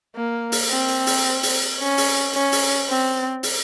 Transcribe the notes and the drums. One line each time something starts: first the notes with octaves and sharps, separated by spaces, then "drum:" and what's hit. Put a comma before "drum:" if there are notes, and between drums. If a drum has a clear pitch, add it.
A#3
drum: open hi-hat
C4
drum: hi-hat
drum: open hi-hat
drum: open hi-hat
C#4
drum: open hi-hat
C#4, drum: hi-hat
drum: open hi-hat
C4
drum: open hi-hat